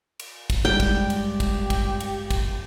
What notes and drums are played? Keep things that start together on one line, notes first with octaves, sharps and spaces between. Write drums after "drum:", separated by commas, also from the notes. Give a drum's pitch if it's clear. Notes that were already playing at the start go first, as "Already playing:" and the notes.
drum: cymbal
drum: kick, cymbal
G2 G3 G#3 G4 G5
drum: kick, cymbal
drum: cymbal
drum: kick, cymbal
drum: kick, cymbal
drum: cymbal
drum: kick, cymbal